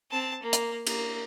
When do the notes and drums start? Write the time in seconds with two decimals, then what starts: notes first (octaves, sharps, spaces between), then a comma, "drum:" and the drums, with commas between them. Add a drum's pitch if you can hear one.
0.11 C4 A5
0.42 A#3
0.53 drum: hi-hat
0.87 A#3, drum: cymbal